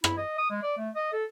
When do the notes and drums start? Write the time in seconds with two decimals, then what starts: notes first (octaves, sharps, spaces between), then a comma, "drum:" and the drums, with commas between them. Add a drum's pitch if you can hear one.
0.04 E4, drum: rim click
0.18 D#5
0.38 D#6
0.50 G#3
0.63 D5
0.77 A3
0.95 D#5
1.13 A4